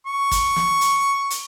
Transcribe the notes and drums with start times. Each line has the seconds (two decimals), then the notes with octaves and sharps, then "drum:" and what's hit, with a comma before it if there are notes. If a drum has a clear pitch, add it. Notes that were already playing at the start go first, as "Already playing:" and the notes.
0.07 C#6
0.31 drum: kick, hi-hat
0.56 drum: snare
0.81 drum: hi-hat
1.30 drum: hi-hat